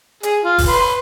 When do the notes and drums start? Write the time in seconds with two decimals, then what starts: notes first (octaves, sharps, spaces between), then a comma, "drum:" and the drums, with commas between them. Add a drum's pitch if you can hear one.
0.23 G#4, drum: hi-hat
0.44 F4
0.58 drum: kick, open hi-hat
0.68 B4 C6